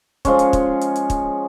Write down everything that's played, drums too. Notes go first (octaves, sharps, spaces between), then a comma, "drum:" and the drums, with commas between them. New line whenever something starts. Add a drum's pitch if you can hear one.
F3 G#3 C#4, drum: kick, hi-hat
drum: hi-hat
drum: kick, hi-hat
drum: hi-hat
drum: hi-hat
drum: kick, hi-hat